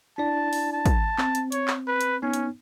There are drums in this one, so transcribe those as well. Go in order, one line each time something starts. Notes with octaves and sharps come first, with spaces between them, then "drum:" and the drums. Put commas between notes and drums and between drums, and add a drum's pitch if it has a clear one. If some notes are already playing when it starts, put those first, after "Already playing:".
D4 E4 D5 A5
drum: open hi-hat
A5
drum: kick, hi-hat
C4, drum: clap
drum: hi-hat
C#5, drum: hi-hat
drum: clap
B4
drum: hi-hat
B3 C#4 D#4
drum: hi-hat